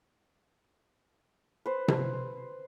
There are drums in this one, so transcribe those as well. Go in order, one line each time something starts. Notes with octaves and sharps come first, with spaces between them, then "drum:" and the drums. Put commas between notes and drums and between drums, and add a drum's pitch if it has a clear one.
B4 C5
drum: tom C3